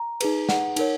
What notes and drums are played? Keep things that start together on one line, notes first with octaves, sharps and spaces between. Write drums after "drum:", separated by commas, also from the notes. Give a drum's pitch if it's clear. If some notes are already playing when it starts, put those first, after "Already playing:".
Already playing: A#5
D#4 G#4 B4, drum: cymbal
F#5, drum: snare
D#4 A#4 C#5, drum: cymbal